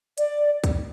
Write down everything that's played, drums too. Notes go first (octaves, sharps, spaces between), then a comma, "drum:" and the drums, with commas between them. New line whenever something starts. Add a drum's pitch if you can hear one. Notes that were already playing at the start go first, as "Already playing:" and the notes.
D5, drum: hi-hat
drum: kick C#2, hi-hat